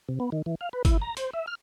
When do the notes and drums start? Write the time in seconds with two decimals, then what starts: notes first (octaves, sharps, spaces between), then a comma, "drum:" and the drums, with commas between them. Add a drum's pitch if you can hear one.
0.09 C3
0.20 B3
0.32 D#3
0.46 E3
0.61 F5
0.73 B4
0.85 E4, drum: kick, hi-hat
1.02 A#5
1.17 C5, drum: hi-hat
1.33 E5
1.47 F6